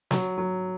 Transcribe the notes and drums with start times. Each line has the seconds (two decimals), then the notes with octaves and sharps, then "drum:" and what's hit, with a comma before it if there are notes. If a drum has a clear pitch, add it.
0.11 F#3, drum: snare
0.38 F#3